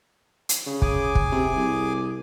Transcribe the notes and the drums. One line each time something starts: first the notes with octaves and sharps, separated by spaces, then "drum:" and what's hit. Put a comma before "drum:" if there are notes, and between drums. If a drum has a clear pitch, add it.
drum: hi-hat
C#3
G#4 G#5 D6, drum: kick
drum: kick
C3
C2